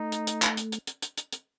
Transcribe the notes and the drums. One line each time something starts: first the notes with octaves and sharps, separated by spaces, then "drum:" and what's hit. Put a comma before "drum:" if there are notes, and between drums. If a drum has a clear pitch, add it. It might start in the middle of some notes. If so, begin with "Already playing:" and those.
Already playing: A3 D#4
drum: hi-hat
drum: hi-hat
drum: clap
drum: hi-hat
drum: hi-hat
drum: hi-hat
drum: hi-hat
drum: hi-hat
drum: hi-hat